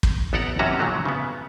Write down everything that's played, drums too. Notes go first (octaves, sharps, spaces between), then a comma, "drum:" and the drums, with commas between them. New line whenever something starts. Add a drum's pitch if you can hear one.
drum: kick
A1 B3 A4 D5 F#5 A#5
F#2 C3 E3 C#4 F#4 A#5
A#2 D3 F#3 G#3 A3
C#3 B3